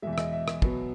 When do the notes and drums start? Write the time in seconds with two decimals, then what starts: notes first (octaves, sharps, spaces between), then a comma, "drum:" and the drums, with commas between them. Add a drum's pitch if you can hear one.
0.02 E2 B2 G#3 E5
0.13 E5
0.18 D#5, drum: rim click
0.33 E5
0.48 drum: rim click
0.62 B2 F#3 B3, drum: kick